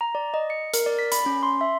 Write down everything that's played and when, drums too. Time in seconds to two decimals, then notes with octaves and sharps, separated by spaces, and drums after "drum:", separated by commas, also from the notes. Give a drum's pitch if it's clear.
0.01 A#5
0.15 D5
0.34 D#5
0.50 C#7
0.74 A#4, drum: hi-hat
0.86 D5
0.99 B6
1.12 B5, drum: hi-hat
1.26 C#4
1.43 C6
1.61 E5